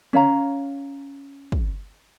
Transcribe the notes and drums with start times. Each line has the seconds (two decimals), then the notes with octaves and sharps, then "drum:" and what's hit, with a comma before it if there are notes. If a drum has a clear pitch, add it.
0.13 C#4 C#5 F5 A#5, drum: tom C#3
1.52 drum: kick